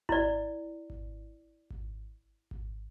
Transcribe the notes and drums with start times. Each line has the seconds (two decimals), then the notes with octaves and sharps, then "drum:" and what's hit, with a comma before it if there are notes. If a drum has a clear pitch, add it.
0.09 E4 D5, drum: kick G#1
0.90 drum: kick G#1
1.70 drum: kick G#1
2.51 drum: kick G#1